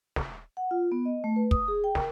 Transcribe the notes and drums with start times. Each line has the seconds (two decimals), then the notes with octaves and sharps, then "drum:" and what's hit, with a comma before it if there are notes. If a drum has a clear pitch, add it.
0.16 drum: snare
0.57 F#5
0.71 F4
0.92 B3
1.05 D#5
1.24 A3
1.36 B4
1.51 D#6, drum: kick
1.68 G#4
1.84 G5
1.95 A#4, drum: snare